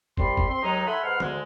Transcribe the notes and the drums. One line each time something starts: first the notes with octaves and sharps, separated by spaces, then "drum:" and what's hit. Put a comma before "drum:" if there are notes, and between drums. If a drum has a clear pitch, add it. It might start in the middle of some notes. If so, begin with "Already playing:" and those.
C2 G3 B5 C6, drum: kick
drum: kick
C4 C6
D#2 D#3 F#3 G#3 D#4
A4 E5 F#5 G#5 B5 C6
G#2 B4 F#5 C6 F6
D2 G#2 D3 G#3, drum: tom